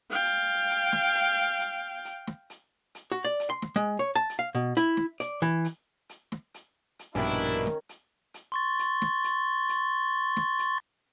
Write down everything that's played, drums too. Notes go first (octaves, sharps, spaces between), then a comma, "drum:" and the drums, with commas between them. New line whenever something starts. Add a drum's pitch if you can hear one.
F5 G5
drum: hi-hat
drum: hi-hat
drum: snare
drum: hi-hat
drum: hi-hat
drum: hi-hat
drum: snare
drum: hi-hat
drum: hi-hat
F#4
D5
drum: hi-hat
C6
drum: snare
G#3
C#5
A5
drum: hi-hat
F5
B2
E4, drum: hi-hat
drum: snare
D5, drum: hi-hat
E3
drum: hi-hat
drum: hi-hat
drum: snare
drum: hi-hat
drum: hi-hat
A#1 G2 B2 D#3 C#4 D4 E4
drum: hi-hat
drum: snare
drum: hi-hat
drum: hi-hat
C6 C#6 A6
drum: hi-hat
drum: snare
drum: hi-hat
drum: hi-hat
drum: snare
drum: hi-hat